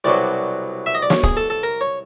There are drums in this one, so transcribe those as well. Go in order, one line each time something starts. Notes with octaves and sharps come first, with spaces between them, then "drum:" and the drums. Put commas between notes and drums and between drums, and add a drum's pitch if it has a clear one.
C2 B2 F#3 D5
E5
D#5
D5
C#5, drum: snare
G#4, drum: kick
A4
A4
A#4
C#5